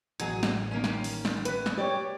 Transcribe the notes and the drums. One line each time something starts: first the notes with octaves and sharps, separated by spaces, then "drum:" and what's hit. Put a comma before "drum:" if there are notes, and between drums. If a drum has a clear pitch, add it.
A1 F#3 G#4 G#6, drum: hi-hat
drum: snare
D#3 A#3 C#4
drum: snare
drum: open hi-hat
drum: snare
C#4 B4, drum: hi-hat
drum: snare
G4 C#5 D5